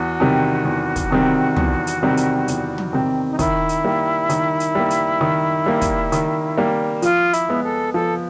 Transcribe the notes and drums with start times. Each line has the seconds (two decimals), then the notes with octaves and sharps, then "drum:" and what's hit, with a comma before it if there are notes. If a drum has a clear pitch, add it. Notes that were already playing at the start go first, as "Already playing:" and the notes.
Already playing: E2 F#4
0.20 C3 D#3 G3 C4
0.65 E2
0.96 drum: kick, hi-hat
1.11 C3 D#3 G3 C4
1.56 E2, drum: tom
1.87 drum: hi-hat
2.03 C3 D#3 G3 C4
2.17 drum: hi-hat
2.48 E2, drum: hi-hat
2.78 drum: tom
2.93 C3 D#3 G3 C4
3.30 D#4
3.39 D#3 E4, drum: kick, hi-hat
3.69 drum: hi-hat
3.84 G3 A#3
4.29 D#3, drum: hi-hat
4.60 drum: hi-hat
4.75 G3 A#3
4.90 drum: hi-hat
5.21 D#3
5.66 G3 A#3
5.81 drum: kick, hi-hat
6.12 D#3, drum: hi-hat
6.58 G3 A#3
7.02 F3 F4, drum: hi-hat
7.33 E4, drum: hi-hat
7.49 G#3 B3
7.64 A4
7.94 F3 A4